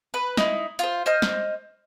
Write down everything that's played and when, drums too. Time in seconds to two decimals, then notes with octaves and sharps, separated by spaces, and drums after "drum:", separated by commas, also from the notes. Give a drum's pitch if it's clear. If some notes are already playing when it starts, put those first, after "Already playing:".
0.14 B4
0.37 D#4 E4, drum: snare
0.79 F4 C5, drum: hi-hat
1.06 C5 D#5 F6
1.22 drum: snare